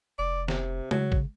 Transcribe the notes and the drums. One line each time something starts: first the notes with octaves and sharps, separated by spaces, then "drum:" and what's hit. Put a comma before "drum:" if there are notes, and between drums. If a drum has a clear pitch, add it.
F1 D5
C3, drum: snare
C#3 F#3, drum: tom G#3
drum: kick